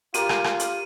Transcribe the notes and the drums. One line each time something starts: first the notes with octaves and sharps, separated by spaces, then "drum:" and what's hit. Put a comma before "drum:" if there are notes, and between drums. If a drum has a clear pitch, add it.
F4 G4 A#4 D5 D#7, drum: hi-hat
drum: rim click
drum: rim click
drum: hi-hat